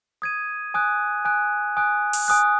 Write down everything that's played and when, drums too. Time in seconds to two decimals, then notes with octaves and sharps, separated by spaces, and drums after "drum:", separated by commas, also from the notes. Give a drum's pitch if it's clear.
0.22 D#6 G#6 D#7
0.74 G#5 D#6 F#6
1.25 G#5 D#6 F#6
1.77 G#5 D#6 F#6
2.13 drum: open hi-hat
2.28 G#5 D#6 F#6